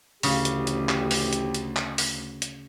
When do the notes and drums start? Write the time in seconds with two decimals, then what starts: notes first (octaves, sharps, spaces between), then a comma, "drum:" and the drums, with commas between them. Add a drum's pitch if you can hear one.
0.23 A1 D2 C#3 G4, drum: open hi-hat
0.45 drum: hi-hat
0.67 drum: hi-hat
0.89 drum: clap
1.11 drum: open hi-hat
1.33 drum: hi-hat
1.54 drum: hi-hat
1.76 drum: clap
1.98 drum: open hi-hat
2.42 drum: hi-hat